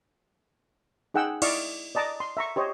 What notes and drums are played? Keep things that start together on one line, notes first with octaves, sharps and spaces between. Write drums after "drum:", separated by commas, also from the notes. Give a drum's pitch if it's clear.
D#4 G#4 F#5 G5 E6
E4 D5 D#5 F5 C#6, drum: cymbal
D5 D#5 A5 A#5 D6
C6
E5 A#5 C#6
G4 C5 C#5 D#5